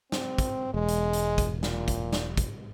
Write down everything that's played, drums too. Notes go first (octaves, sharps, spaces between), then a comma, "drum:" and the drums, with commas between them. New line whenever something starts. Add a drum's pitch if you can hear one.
C4, drum: snare
drum: kick, hi-hat
E1 G#3
drum: hi-hat
drum: hi-hat
drum: kick, hi-hat
A#2, drum: snare
drum: kick, hi-hat
drum: snare
drum: kick, hi-hat